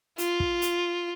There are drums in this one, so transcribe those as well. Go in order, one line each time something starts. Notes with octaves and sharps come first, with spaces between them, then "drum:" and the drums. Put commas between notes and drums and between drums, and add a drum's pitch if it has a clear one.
F4, drum: hi-hat
drum: kick
drum: hi-hat